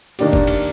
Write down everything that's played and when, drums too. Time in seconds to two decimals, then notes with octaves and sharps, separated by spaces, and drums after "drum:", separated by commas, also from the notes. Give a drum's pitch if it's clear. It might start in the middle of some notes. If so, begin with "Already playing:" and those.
0.19 D#3 A#3 D4 G4, drum: cymbal
0.33 drum: kick F#1
0.47 drum: cymbal